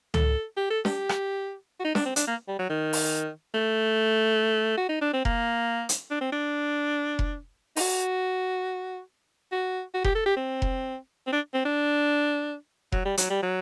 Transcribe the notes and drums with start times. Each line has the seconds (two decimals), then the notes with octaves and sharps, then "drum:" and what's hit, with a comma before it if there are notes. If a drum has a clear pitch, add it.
0.14 A4, drum: tom
0.57 G4
0.70 A4
0.85 G4, drum: snare
1.09 drum: rim click
1.80 F#4
1.84 D#4
1.95 D4, drum: snare
2.06 C4
2.16 D4, drum: hi-hat
2.27 A#3
2.48 G3
2.59 F#3
2.70 D#3
2.93 drum: open hi-hat
3.54 A3
4.77 F#4
4.89 D#4
5.01 D4
5.13 C4
5.25 A#3, drum: kick F1
5.89 drum: hi-hat
6.11 D4
6.21 C4
6.32 D4
7.19 drum: kick F1
7.76 D#4, drum: open hi-hat
7.80 F#4
9.52 F#4
9.94 F#4
10.04 G4, drum: kick F1
10.15 A4
10.26 G4
10.37 C4
10.62 drum: kick F1
11.27 C4
11.32 D4
11.54 C4
11.65 D4
12.92 F#3, drum: kick F1
13.05 G3
13.17 F#3, drum: hi-hat
13.30 G3
13.42 F#3